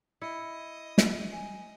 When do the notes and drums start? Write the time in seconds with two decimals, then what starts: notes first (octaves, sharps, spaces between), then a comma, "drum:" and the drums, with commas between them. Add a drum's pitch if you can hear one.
0.22 E4 D#5 C#7
0.98 drum: snare
1.32 G#5